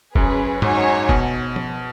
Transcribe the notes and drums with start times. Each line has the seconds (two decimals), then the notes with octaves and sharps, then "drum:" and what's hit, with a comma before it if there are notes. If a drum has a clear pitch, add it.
0.15 F#2 C#4 G#4 B4, drum: kick F1
0.62 G#2 D#4 F#4 C#5 G#5, drum: tom G#2
1.09 B2, drum: kick F1
1.56 drum: tom F3